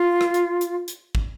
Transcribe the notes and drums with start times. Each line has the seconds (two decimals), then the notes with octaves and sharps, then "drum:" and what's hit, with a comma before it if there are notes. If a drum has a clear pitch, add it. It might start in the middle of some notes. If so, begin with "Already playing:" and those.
Already playing: F4
0.21 drum: rim click
0.34 drum: hi-hat
0.61 drum: hi-hat
0.88 drum: hi-hat
1.15 drum: kick